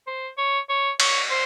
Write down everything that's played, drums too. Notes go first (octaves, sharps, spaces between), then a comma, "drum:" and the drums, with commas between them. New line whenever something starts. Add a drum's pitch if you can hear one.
C5
C#5
C#5
C#5, drum: cymbal
C5